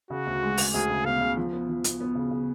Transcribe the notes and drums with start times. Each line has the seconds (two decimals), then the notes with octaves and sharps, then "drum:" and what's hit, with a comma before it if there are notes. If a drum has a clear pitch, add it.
0.10 C#3 F#4
0.27 D2
0.43 G#3
0.57 G#3, drum: open hi-hat
0.74 D2 G#4
0.90 C#3
1.05 B3 F5
1.21 C#3
1.37 F3
1.53 B3
1.69 F3
1.84 B3, drum: hi-hat
2.01 B3
2.15 C#3
2.31 C#3